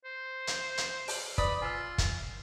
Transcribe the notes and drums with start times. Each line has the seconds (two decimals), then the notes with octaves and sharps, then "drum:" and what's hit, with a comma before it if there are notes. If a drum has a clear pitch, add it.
0.05 C5
0.47 drum: hi-hat
0.77 drum: hi-hat
1.08 drum: open hi-hat
1.38 B4 D5 B5 D#6, drum: kick
1.62 F4 G#5 E6
1.98 drum: kick, hi-hat